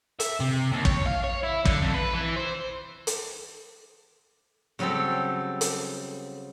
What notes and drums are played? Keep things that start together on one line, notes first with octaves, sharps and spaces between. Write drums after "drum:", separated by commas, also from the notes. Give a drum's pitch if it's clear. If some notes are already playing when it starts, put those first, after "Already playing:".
E5, drum: hi-hat
C3
D#2
C#5, drum: kick
F5
C#5
E4
D3, drum: kick
F2
B4
E3
C5
drum: hi-hat
C#3 F#3 G3 C4 A4
drum: hi-hat